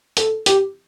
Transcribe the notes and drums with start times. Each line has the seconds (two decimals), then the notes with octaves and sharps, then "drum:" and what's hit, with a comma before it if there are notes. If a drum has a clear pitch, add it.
0.17 A4, drum: hi-hat
0.46 G4, drum: hi-hat